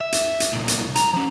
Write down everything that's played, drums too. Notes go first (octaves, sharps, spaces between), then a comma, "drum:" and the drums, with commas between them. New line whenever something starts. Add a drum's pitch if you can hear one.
E5
drum: hi-hat
drum: hi-hat
C2 A#2
drum: hi-hat
A#5, drum: hi-hat
F3 C#4